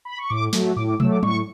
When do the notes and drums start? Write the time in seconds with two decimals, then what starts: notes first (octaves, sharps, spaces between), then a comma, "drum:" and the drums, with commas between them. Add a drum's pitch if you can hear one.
0.05 B5
0.18 C#6
0.30 A2 D6
0.53 F#3 A3, drum: snare
0.76 A2 D6
0.88 D6
1.00 F#3 A3 E6, drum: tom
1.12 D6
1.23 A2 C#6, drum: tom F#3